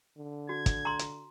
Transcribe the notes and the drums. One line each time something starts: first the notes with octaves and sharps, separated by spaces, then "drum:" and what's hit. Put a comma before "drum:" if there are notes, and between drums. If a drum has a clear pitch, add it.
D3
F#4 G#6
drum: kick, hi-hat
A#5 C6
drum: hi-hat